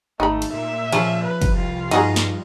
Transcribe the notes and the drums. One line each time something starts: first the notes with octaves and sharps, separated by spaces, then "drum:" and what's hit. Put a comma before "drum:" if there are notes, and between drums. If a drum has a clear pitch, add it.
G#1 A3 D#4 B5
drum: cymbal
A#2 E5
C#3 F3 C#4, drum: cymbal
B4
drum: kick, cymbal
C2 F4
G2 D#4 F#4 G#4 D#5, drum: cymbal
drum: snare